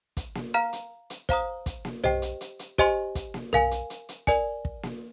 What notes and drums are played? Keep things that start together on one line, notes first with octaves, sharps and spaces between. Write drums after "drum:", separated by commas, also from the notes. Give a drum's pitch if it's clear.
drum: kick, hi-hat
drum: snare A#3
F5 A#5 F6
drum: hi-hat
drum: hi-hat
C5 F5 A#5 D#6, drum: kick, hi-hat
drum: kick, hi-hat
drum: snare A#3
G4 C5 D#5 G5, drum: tom B1
drum: hi-hat
drum: hi-hat
drum: hi-hat
G4 C5 D#5 G#5 C6, drum: kick, hi-hat
drum: kick, hi-hat
drum: snare A#3
A#4 F5 G#5, drum: tom B1
drum: hi-hat
drum: hi-hat
drum: hi-hat
A#4 D5 G#5, drum: kick, hi-hat
drum: kick
drum: snare A#3